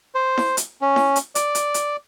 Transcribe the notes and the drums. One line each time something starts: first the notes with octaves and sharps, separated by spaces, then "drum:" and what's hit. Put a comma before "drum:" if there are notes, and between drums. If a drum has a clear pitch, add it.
C5
drum: snare E4
drum: hi-hat
C#4
drum: snare E4
drum: hi-hat
D5, drum: hi-hat
drum: hi-hat
drum: hi-hat